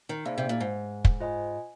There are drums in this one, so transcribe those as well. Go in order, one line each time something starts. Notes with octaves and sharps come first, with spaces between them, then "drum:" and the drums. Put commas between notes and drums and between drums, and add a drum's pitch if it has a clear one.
D#3
C3 A#3 D#4 G#4 D5 F5
C3
A#2
G#2
drum: kick
F4 C5 D#5 G#5